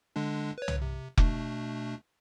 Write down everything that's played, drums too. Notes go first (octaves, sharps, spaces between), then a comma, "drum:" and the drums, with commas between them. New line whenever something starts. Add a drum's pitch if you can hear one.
D3 G#3 D4
B4 C#5
drum: tom C2
C3
B2 A3 D4, drum: kick F1